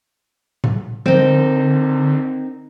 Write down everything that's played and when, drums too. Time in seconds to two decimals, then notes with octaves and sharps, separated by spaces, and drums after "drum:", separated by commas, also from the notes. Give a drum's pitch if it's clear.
0.64 drum: tom A2
1.06 D3 C4 D#4 A#4, drum: tom F3